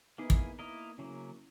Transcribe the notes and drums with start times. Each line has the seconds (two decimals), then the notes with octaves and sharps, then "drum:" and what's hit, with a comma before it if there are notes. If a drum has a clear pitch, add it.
0.18 A#3 B3 D#4 E4 G#4
0.30 drum: kick
0.59 A#3 E4 A#4 D#5
0.98 C#3 F#3 A#3 C#4 E4